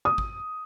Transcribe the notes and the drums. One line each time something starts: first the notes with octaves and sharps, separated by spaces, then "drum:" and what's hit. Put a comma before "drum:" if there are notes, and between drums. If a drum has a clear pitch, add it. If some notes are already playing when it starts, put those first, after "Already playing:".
D#6
drum: kick